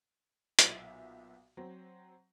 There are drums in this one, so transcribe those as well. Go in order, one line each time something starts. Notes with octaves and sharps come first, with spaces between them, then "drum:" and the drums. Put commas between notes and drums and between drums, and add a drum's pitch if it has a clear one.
B1 A#2 B3 E5, drum: hi-hat
F#3 C4